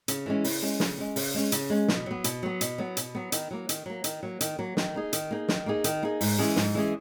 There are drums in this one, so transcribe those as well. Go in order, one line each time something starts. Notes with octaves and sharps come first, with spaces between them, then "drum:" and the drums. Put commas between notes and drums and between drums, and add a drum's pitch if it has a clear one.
C#3, drum: hi-hat
E3 G#3 C#4
C#3, drum: open hi-hat
G#3 C#4
C#3, drum: snare
G#3 C#4
C#3, drum: open hi-hat
G#3 C#4
C#3, drum: hi-hat
G#3 C#4
B2, drum: snare
F#3 B3
B2, drum: hi-hat
F#3 B3
B2, drum: hi-hat
F#3 B3
B2, drum: hi-hat
F#3 B3
D#3, drum: hi-hat
F#3 A#3
D#3, drum: hi-hat
F#3 A#3
D#3, drum: hi-hat
F#3 A#3
D#3, drum: hi-hat
F#3 A#3
D#3, drum: snare
A#3 D#4 G#4
D#3, drum: hi-hat
A#3 D#4 G#4
D#3, drum: snare
A#3 D#4 G#4
D#3, drum: hi-hat
A#3 D#4 G#4
G#2, drum: open hi-hat
E3 G#3 C#4 G#4
G#2, drum: snare
E3 G#3 C#4 G#4